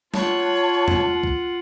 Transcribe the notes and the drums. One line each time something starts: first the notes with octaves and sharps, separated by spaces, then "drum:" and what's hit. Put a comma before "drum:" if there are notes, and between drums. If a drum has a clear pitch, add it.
F4 C#5 F#5 A5, drum: snare
drum: tom E2
drum: kick C2